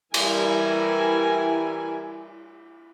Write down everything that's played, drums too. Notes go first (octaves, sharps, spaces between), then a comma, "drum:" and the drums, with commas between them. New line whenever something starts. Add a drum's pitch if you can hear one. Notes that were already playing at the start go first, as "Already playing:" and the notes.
E3 G3 E4 A#4 G#5, drum: cymbal